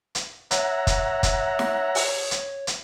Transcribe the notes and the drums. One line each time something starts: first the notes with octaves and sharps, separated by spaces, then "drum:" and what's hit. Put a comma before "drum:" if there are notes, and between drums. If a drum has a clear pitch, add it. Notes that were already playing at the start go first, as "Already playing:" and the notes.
drum: hi-hat
C#5 E5 F#5 A#5, drum: hi-hat
drum: kick, hi-hat
drum: kick, hi-hat
drum: snare
drum: open hi-hat
drum: hi-hat
drum: hi-hat